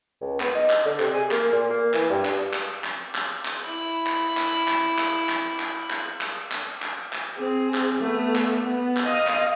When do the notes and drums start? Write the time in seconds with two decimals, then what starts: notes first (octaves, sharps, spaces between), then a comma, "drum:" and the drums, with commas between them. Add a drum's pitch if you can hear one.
0.21 C#2
0.40 B3, drum: clap
0.55 D#4
0.70 drum: clap
0.85 D3
1.00 C3, drum: clap
1.14 G#4
1.31 A#3, drum: clap
1.52 A#2
1.70 A#3
1.94 E3, drum: clap
2.10 G2
2.25 G2, drum: clap
2.53 drum: clap
2.84 drum: clap
3.15 drum: clap
3.45 drum: clap
3.68 E4 B5
4.07 drum: clap
4.37 drum: clap
4.68 drum: clap
4.98 drum: clap
5.29 drum: clap
5.60 drum: clap
5.90 drum: clap
6.21 drum: clap
6.52 drum: clap
6.82 drum: clap
7.13 drum: clap
7.38 C4 G#4
7.74 drum: clap
7.99 A3 B3
8.35 drum: clap
8.62 B3
8.97 drum: clap
9.06 D#5 F5
9.27 drum: clap